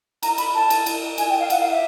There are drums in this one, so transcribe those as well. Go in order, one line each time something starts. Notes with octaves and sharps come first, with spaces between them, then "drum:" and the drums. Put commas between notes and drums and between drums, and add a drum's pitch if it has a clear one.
A#5, drum: cymbal
B5, drum: cymbal
A5
drum: cymbal
drum: cymbal
G#5, drum: cymbal
G5
F5
F#5, drum: cymbal
F5
E5